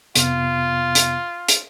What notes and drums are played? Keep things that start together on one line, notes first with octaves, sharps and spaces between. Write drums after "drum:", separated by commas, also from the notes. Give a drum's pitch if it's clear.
F2 C3 B3 F4, drum: hi-hat
drum: hi-hat
drum: hi-hat